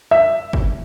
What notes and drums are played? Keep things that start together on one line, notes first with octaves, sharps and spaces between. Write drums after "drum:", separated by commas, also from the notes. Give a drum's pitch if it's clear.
E5
drum: kick